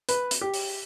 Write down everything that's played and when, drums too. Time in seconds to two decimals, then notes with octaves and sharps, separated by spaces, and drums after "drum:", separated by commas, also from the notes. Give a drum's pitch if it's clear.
0.09 B4, drum: hi-hat
0.31 drum: hi-hat
0.41 G4
0.54 drum: open hi-hat